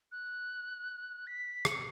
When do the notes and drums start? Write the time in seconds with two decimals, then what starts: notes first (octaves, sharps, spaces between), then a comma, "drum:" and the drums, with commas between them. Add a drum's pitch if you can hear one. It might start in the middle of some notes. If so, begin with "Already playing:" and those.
0.12 F#6
1.27 B6
1.65 C#7, drum: rim click